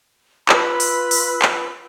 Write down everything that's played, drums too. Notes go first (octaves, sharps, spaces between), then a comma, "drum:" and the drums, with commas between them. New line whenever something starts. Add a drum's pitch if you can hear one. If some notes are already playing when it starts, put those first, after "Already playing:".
F4 B4 B5 E6, drum: clap
drum: open hi-hat
drum: open hi-hat
drum: clap